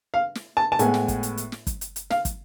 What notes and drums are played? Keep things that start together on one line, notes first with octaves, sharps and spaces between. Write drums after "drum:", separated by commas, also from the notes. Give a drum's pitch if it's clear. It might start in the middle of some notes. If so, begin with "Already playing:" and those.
F5
drum: snare
A5
A5
A2 G#3 B3 G#5, drum: hi-hat
drum: snare
drum: kick, hi-hat
drum: hi-hat
drum: hi-hat
drum: snare
drum: kick, hi-hat
drum: hi-hat
drum: hi-hat
F5, drum: snare
drum: kick, hi-hat